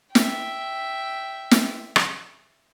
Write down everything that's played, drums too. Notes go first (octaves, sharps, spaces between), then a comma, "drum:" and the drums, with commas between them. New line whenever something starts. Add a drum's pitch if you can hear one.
E5 G5, drum: snare
drum: snare
drum: rim click